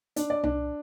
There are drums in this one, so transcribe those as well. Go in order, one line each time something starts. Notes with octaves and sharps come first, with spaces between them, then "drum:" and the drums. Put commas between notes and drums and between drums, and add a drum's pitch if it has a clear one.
D4, drum: hi-hat
D5
D4, drum: tom C2